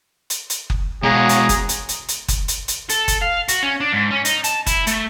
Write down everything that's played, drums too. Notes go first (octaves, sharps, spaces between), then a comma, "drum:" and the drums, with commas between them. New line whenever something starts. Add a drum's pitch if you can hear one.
drum: hi-hat
drum: hi-hat
drum: kick F#1
B2 G#3 F#4 G#4 C#5 F5 A#5
drum: hi-hat
drum: kick F#1, hi-hat
drum: hi-hat
drum: hi-hat
drum: hi-hat
drum: kick F#1, hi-hat
drum: hi-hat
drum: hi-hat
A4, drum: hi-hat
drum: kick F#1, hi-hat
F5
F#4, drum: hi-hat
C#4
D4
G#2
C#4
D#4, drum: hi-hat
A5, drum: hi-hat
E4, drum: kick F#1, hi-hat
A3, drum: hi-hat